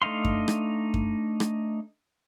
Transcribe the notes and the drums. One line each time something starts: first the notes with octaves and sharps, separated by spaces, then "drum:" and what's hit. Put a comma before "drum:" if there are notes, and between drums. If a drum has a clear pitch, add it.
A3 D4 D#4 F5 C6
drum: kick F#2
drum: rim click
drum: kick F#2
drum: rim click